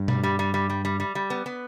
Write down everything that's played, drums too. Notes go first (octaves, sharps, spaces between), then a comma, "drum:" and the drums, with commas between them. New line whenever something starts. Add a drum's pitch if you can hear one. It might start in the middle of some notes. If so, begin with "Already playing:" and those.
Already playing: G2
G3, drum: tom B2
G3
G3
G3
G3
G3
G3
G3
B3
B3